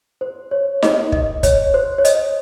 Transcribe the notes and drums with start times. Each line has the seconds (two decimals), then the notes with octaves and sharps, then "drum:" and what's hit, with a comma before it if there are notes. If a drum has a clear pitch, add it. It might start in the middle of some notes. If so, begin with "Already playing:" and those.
0.21 C5
0.51 C#5
0.82 D#5, drum: snare D#4
1.12 D#5, drum: kick
1.43 C#5, drum: kick, hi-hat
1.74 C5
1.98 C#5
2.05 D#5, drum: hi-hat